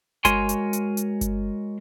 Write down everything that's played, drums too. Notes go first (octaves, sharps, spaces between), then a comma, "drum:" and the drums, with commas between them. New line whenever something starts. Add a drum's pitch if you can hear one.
G#3 F#4 A#4 C#5 G#5 C6, drum: kick G1, hi-hat
drum: hi-hat
drum: hi-hat
drum: hi-hat
drum: kick G1, hi-hat